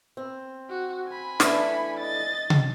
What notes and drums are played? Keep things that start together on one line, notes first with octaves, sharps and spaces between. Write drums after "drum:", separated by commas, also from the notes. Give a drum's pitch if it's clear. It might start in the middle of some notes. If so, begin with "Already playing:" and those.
C4
F#4
G#5 B5
E3 A3 D4, drum: snare
D#5 A6
drum: tom C3